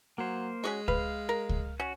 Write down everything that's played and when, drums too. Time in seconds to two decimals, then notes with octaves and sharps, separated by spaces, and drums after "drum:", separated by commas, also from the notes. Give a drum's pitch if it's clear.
0.18 F#3 A#3 C5
0.64 G#3 C#4 F#4 C#6
0.88 B4 F5, drum: kick C#2
1.29 A#4
1.49 drum: kick C#2
1.80 C#4 F#4